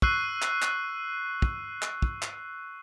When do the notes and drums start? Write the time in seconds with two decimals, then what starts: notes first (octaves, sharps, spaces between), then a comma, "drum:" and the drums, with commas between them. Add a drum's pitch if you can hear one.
0.02 C#6 E6 F#6 C7 D#7, drum: kick
0.42 drum: clap
0.62 drum: clap
1.42 drum: kick
1.82 drum: clap
2.02 drum: kick
2.22 drum: clap